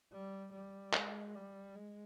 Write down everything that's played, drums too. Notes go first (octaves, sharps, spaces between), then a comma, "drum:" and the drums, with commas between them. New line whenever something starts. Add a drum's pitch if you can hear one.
G3
G3
G#3, drum: clap
G3
G#3